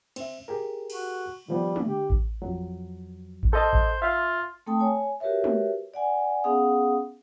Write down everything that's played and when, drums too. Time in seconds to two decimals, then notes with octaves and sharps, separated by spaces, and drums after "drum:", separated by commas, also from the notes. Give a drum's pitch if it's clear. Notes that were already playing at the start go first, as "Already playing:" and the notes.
0.16 C4 E5, drum: cymbal
0.48 G4 G#4 A#4
0.90 F#4, drum: cymbal
1.48 D#3 F3 G3 B3
1.76 drum: tom
1.87 D3 G4
2.10 drum: kick A1
2.42 F2 F#3
3.43 drum: kick A1
3.53 A4 C5 D#5 A5
3.73 drum: kick A1
4.02 F4 E5 F5
4.66 A3 C4 A4 G5 A5 D#6
4.79 C#5 G#5
5.20 F#4 G4 A#4 B4 C#5 E5
5.44 drum: tom
5.94 D5 F#5 G#5
6.44 B3 C#4 G#4 F5 F#5 D#6